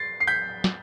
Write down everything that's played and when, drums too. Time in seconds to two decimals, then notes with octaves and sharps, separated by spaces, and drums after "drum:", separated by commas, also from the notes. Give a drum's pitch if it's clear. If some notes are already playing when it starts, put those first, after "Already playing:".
Already playing: A6 C7
0.20 C7
0.27 G6 B6
0.64 drum: snare